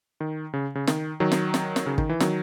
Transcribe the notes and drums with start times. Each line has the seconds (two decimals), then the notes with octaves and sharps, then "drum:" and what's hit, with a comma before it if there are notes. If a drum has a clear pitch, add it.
0.20 D#3
0.53 C#3
0.75 C#3
0.87 D#3, drum: snare
1.20 D#3 F#3
1.32 drum: snare
1.54 drum: snare
1.76 drum: snare
1.86 C#3
1.98 D#3, drum: kick
2.09 E3
2.20 D#3 F#3, drum: snare